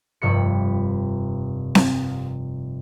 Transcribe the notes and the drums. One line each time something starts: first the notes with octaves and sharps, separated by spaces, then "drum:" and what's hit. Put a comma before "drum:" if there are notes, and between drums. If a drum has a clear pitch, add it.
F1 G2 C3 B5 C#7
drum: snare C4